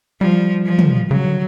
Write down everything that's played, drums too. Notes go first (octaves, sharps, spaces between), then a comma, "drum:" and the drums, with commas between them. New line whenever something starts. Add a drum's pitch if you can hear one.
F3 G3
F3
drum: tom
C#3 F#3
D3